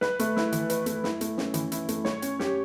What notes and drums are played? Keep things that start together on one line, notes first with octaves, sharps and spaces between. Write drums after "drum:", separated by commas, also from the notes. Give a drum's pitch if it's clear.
B4, drum: snare
A3, drum: hi-hat
E4, drum: snare
E3, drum: hi-hat
B4, drum: hi-hat
A3, drum: hi-hat
E4, drum: snare
A3, drum: hi-hat
C#4, drum: snare
E3, drum: hi-hat
E4, drum: hi-hat
A3, drum: hi-hat
C#5, drum: snare
C#4, drum: hi-hat
G4, drum: snare